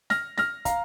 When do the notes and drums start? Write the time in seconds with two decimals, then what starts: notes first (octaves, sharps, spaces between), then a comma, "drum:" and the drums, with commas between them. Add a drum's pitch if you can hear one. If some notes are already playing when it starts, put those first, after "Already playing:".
0.10 F6 A#6, drum: snare
0.38 F6 A#6, drum: snare
0.65 F5 A#5, drum: kick, hi-hat